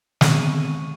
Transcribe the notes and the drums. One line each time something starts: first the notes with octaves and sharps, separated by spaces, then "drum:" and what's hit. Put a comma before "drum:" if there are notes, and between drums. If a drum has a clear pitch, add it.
D3 D#3 B3 C4 C#6 D#7, drum: snare